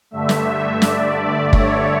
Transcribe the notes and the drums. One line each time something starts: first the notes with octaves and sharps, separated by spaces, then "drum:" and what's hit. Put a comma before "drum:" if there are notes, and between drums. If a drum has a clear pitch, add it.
G2 D3 A3 E5
drum: snare
D5, drum: snare
C#5, drum: kick